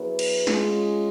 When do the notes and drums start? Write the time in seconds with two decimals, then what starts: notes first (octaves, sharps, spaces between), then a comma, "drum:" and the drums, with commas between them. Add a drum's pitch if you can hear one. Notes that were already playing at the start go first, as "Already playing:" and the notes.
Already playing: F#3 B3 E4 G#4 B4
0.19 drum: cymbal
0.47 G#3 C#4 F4, drum: snare